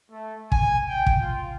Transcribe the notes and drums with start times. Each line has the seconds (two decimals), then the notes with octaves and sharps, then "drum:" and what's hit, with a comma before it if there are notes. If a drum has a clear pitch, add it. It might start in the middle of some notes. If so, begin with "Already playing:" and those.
0.11 A3
0.52 G#5, drum: kick
0.88 G5
1.06 drum: kick
1.22 F4